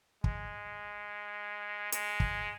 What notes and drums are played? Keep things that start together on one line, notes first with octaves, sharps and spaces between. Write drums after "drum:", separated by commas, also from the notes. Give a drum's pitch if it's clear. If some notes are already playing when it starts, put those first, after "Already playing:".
G#3, drum: kick
G#3, drum: hi-hat
drum: kick